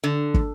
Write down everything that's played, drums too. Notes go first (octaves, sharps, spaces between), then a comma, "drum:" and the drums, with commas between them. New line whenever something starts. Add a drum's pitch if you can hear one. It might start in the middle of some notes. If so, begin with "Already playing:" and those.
D3
drum: kick